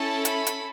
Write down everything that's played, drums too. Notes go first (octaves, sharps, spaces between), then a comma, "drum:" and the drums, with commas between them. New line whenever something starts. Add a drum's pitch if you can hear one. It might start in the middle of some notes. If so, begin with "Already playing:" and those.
Already playing: C#4 E4 A4 A5
B5, drum: hi-hat
drum: hi-hat